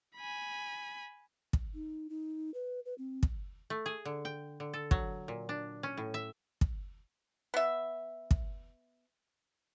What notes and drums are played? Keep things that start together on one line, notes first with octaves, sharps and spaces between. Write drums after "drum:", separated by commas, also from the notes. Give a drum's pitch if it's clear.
G#5 B5
drum: kick
D#4
D#4
B4
B4
C4
drum: kick
A3
G#4
D3
G5
D3
A4
F#3, drum: kick
A#2
D4
C#4
A2
E5
drum: kick
B3 E5
drum: kick